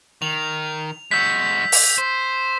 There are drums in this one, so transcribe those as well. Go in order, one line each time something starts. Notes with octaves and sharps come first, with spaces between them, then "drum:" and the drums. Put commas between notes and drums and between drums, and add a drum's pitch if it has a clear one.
D#3 F7
G#3 F#4 E6 G6 B6
drum: open hi-hat
C5